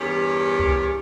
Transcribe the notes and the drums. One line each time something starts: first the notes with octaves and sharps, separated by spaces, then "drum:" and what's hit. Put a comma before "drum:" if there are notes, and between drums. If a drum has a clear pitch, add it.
E2 G2 C#4 G4 A#4
drum: kick C2